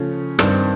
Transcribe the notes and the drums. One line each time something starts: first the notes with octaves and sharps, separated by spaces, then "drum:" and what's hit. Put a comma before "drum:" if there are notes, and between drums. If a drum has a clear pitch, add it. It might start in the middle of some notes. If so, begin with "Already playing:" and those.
Already playing: C#3 F3 A3 C#4
G2 D#3 G3 C4, drum: rim click